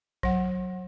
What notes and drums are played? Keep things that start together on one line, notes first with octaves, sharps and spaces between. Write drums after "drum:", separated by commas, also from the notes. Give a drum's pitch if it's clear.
F#3 F#5, drum: kick